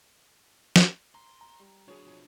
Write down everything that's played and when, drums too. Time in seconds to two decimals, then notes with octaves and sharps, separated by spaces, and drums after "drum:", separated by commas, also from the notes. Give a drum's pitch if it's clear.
0.76 drum: snare
1.15 A#5 C6
1.41 A#5
1.59 G3
1.88 F#3 D4 E4 G#4 C#5
2.06 B2 F3